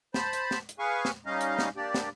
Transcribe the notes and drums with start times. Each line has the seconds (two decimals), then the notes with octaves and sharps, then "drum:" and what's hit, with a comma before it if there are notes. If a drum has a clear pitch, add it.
0.14 C5 A5 B5, drum: snare
0.33 drum: hi-hat
0.51 drum: snare
0.69 drum: hi-hat
0.79 G#4 B4 F5 G#5 C#6
1.05 drum: snare
1.26 G3 C#4 D#4 D#5 F5
1.41 drum: hi-hat
1.59 drum: snare
1.77 A#3 D4 G4 D5
1.94 drum: snare